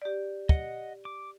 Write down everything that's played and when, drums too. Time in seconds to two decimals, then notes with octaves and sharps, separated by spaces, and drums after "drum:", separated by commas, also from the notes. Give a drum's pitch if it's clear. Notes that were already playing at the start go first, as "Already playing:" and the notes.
0.02 G4 D5
0.49 D#5 F#5, drum: kick
1.05 D6